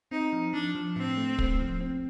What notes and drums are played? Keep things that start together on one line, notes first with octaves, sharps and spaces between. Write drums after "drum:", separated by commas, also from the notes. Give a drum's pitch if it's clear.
C4 D#4
F3
F3 D4
F3
A2 C4
A3
A3, drum: kick
F3
C4